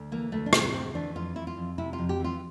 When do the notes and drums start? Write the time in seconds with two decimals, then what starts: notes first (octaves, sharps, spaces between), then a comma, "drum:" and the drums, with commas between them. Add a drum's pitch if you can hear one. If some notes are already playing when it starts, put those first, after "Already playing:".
Already playing: D2
0.12 E3 A#3
0.32 D2 A3
0.46 D4
0.53 C3 C4, drum: rim click
0.74 D2 C4
0.95 E3 D4
1.15 F2 F4
1.36 E3 E4
1.47 F4
1.57 F2
1.78 C3 E4
1.93 F4
1.98 F2
2.09 G4
2.20 E3 F4